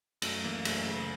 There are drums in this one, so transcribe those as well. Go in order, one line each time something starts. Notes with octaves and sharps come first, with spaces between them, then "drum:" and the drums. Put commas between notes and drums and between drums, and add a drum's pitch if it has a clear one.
F#2 A3, drum: cymbal
E3 A#3
F#2 A3, drum: cymbal
C#3